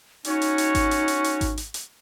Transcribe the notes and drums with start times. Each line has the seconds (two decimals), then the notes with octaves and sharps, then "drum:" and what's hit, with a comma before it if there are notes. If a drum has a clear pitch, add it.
0.25 C#4 D#4 F#4 C#5, drum: hi-hat
0.42 drum: hi-hat
0.58 drum: hi-hat
0.75 drum: kick G#1, hi-hat
0.91 drum: hi-hat
1.08 drum: hi-hat
1.24 drum: hi-hat
1.41 drum: kick G#1, hi-hat
1.58 drum: hi-hat
1.74 drum: hi-hat